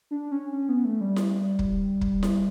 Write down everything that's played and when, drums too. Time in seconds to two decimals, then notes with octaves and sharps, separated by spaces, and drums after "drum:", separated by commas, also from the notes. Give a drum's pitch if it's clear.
0.11 D4
0.31 C#4
0.53 C#4
0.69 B3
0.85 A3
1.01 G3
1.16 drum: snare E4
1.59 drum: kick
2.01 drum: kick
2.23 drum: snare E4